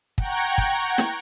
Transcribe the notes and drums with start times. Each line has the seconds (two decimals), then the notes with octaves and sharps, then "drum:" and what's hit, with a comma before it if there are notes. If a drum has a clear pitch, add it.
0.18 F#5 G5 A#5 C#6 G#6, drum: kick
0.58 drum: kick
0.98 drum: snare